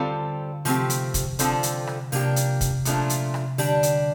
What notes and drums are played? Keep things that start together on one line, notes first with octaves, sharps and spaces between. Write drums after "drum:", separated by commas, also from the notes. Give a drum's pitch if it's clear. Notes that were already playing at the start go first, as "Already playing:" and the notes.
Already playing: D3 G3 C4 F4 A4
C3 F3 A3 C4 G4, drum: open hi-hat
drum: hi-hat
drum: kick, hi-hat
D3 F3 C4 F4 A4, drum: hi-hat
drum: hi-hat
drum: rim click
C3 F3 A#3 D4 G4, drum: open hi-hat
drum: hi-hat
drum: kick, hi-hat
A#2 F3 A3 D4 F4, drum: hi-hat
drum: hi-hat
drum: rim click
D3 G3 D4 G4, drum: open hi-hat
drum: hi-hat